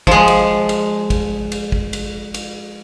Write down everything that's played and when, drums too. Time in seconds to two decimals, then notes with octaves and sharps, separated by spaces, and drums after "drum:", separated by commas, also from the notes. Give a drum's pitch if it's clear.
0.07 F3 G#3, drum: kick
0.28 drum: cymbal
0.69 drum: cymbal
1.10 drum: kick, cymbal
1.52 drum: cymbal
1.72 drum: kick
1.93 drum: cymbal
2.34 drum: cymbal